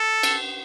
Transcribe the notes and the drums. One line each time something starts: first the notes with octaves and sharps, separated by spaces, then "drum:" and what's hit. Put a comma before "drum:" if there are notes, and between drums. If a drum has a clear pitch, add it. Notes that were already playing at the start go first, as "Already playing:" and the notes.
Already playing: A4
drum: cymbal